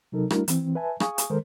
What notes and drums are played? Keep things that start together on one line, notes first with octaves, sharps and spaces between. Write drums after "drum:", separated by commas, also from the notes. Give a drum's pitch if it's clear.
C3 F#3 D#4 A4 A#4
G3 A3 D4 E4 F#4 A#4, drum: rim click
E3 C4, drum: hi-hat
B4 E5 G#5 A5
G#4 F5 G#5 C#6 D#6, drum: rim click
drum: hi-hat
D#3 G#3 A4 A#4 C5